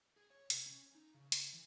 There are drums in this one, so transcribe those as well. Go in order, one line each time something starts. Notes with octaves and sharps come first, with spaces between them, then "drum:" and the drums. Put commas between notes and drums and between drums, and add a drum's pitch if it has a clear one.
G#4
C#5
C3, drum: hi-hat
C#4
D#4
C#3
drum: hi-hat
E3